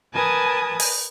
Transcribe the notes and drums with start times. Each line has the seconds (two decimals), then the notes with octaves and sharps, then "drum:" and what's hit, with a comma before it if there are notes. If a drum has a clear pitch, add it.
0.14 A#4 B4 G#5 A5 D#6 G#6
0.80 drum: open hi-hat